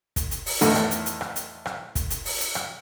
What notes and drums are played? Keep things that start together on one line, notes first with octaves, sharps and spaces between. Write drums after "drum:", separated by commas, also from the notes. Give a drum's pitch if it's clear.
drum: kick, hi-hat
drum: hi-hat
drum: open hi-hat
E2 A2 D3 D#3, drum: hi-hat
drum: rim click
drum: hi-hat
drum: hi-hat
drum: rim click
drum: hi-hat
drum: rim click
drum: kick, hi-hat
drum: hi-hat
drum: open hi-hat
drum: hi-hat
drum: rim click